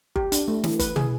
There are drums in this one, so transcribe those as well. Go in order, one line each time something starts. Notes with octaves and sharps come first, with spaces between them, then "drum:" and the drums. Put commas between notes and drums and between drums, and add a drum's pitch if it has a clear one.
G4, drum: kick G1
D4, drum: hi-hat
A3
E3, drum: snare
B4, drum: kick G1, hi-hat
G#4, drum: tom